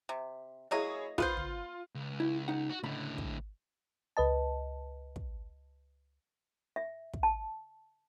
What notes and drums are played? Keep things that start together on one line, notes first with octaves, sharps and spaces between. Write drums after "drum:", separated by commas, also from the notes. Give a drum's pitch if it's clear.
C3
F#3 A#3 E4 G#4 C#5 D#5
B3 F4 B4 C5, drum: kick
drum: tom
C#2
E4
D#4 F#5
F#4
C#2 A2 D3 B5
drum: kick
C#2 B4 D#5 A5
drum: kick
E5
drum: kick
A5